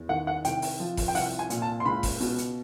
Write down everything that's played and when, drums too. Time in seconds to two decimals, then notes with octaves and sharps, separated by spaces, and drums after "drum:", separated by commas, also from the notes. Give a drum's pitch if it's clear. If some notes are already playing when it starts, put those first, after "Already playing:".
Already playing: E2
0.09 D#3 F#5
0.27 F#5
0.45 C2 G5, drum: hi-hat
0.62 drum: open hi-hat
0.80 F3
0.97 drum: kick F1, open hi-hat
1.08 G5
1.15 C2 F#5, drum: open hi-hat
1.39 G#5
1.50 A#2, drum: hi-hat
1.62 A5
1.80 C6
1.85 C#2 B5
2.03 drum: kick F1, open hi-hat
2.20 B2, drum: open hi-hat
2.38 drum: hi-hat